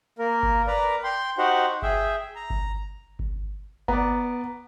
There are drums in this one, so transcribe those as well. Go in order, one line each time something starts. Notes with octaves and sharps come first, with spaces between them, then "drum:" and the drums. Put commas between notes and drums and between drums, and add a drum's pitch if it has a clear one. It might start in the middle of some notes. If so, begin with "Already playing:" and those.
A#3 A#4
drum: kick G1
A#4 B4 D5 A#5
G5 C6
D#4 F#4 G4 C5 F#5
G#4 E5 G5, drum: kick G1
A#5
drum: kick G1
drum: kick G1
B3 D5 A#5, drum: kick G1